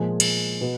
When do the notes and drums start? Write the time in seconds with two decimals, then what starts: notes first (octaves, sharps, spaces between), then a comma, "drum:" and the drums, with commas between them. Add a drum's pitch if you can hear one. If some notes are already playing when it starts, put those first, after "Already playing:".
Already playing: A#2 F3 G#3 G#5
0.20 drum: cymbal
0.61 B2